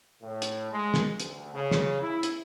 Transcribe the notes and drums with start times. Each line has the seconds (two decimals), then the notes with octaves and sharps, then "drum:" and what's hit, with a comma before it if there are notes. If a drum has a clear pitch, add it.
0.22 A2
0.42 drum: hi-hat
0.72 G#3
0.94 drum: snare
1.20 D2, drum: hi-hat
1.53 C#3
1.71 drum: snare
2.01 E4
2.23 drum: hi-hat